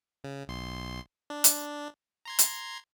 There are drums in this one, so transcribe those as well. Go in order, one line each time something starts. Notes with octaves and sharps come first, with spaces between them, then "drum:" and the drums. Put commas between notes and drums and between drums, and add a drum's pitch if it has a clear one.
C#3
B1 C6
D4
drum: hi-hat
A#5 C6 G#6
drum: hi-hat